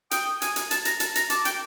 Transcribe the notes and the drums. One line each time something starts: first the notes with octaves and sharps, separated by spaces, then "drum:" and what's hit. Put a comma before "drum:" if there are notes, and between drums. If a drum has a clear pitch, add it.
G5 D#6, drum: hi-hat
G#5, drum: hi-hat
drum: hi-hat
A5, drum: hi-hat
A#5, drum: hi-hat
A5, drum: hi-hat
A#5, drum: hi-hat
A5 D6, drum: hi-hat
G5, drum: hi-hat